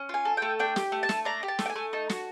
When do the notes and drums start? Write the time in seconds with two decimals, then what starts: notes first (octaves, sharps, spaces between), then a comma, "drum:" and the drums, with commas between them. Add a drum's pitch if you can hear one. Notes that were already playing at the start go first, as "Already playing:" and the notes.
Already playing: C#4
0.09 F4 G#5
0.25 A4
0.37 A3 G5
0.60 D4 G5
0.76 G4, drum: snare
0.92 A3
1.03 A5
1.09 A3, drum: snare
1.25 D4 A#5
1.43 G4
1.48 A5
1.59 A3, drum: snare
1.66 G5
1.70 G#5
1.76 A3
1.93 D#4 A5
2.09 F#4, drum: snare